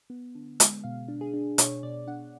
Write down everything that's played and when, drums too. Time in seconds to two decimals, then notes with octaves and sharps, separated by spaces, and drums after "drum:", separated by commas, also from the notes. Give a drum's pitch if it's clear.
0.10 B3
0.35 D3
0.60 G#3, drum: hi-hat
0.84 B2 F5
1.08 D4
1.21 G#4
1.34 D4
1.58 B2 C#5, drum: hi-hat
1.83 B2 D5
2.07 D4 F#5